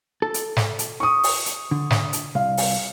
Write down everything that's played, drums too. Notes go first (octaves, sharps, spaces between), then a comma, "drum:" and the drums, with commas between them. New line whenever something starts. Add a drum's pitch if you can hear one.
A4
drum: hi-hat
drum: snare
drum: hi-hat
C#6 D#6
drum: open hi-hat
drum: hi-hat
D3
drum: snare
drum: hi-hat
C2 F5
drum: open hi-hat